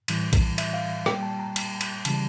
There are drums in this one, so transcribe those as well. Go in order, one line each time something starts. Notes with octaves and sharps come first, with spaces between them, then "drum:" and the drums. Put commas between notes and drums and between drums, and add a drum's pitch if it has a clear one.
A2 E3 G3, drum: cymbal
drum: kick A#1, cymbal
E5, drum: cymbal
F5
A#2 G3 G5, drum: rim click
A5
A#5
drum: cymbal
drum: cymbal
C#3 E3 G3 A5, drum: cymbal